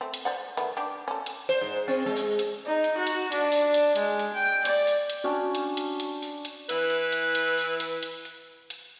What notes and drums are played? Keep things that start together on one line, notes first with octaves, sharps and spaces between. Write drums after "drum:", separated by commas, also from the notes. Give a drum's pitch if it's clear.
A3 C4
drum: hi-hat
C5 D5 F#5
D#3 A3 B3, drum: hi-hat
D4 G4
C#4 A4
drum: hi-hat
C5, drum: hi-hat
G#2
C4
G#3
drum: open hi-hat
drum: hi-hat
D#4
drum: hi-hat
F#4
drum: hi-hat
D4, drum: hi-hat
drum: open hi-hat
drum: hi-hat
G#3, drum: hi-hat
drum: hi-hat
G5
D5, drum: hi-hat
drum: open hi-hat
drum: hi-hat
C#4 D4 F#4 G5
drum: hi-hat
drum: hi-hat
drum: hi-hat
drum: open hi-hat
drum: hi-hat
E3 E4 B4, drum: hi-hat
drum: hi-hat
drum: hi-hat
drum: hi-hat
drum: open hi-hat
drum: hi-hat
drum: hi-hat
drum: hi-hat
drum: hi-hat